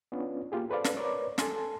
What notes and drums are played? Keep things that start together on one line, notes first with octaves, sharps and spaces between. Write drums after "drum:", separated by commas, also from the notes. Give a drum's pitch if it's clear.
B3 C#4 D4 F4
A#3 F4 G4 G#4
A4 B4 C5 D5 F5
drum: snare
A#4 B4 C#5 D5 D6
A4 G#5 A5 C6, drum: snare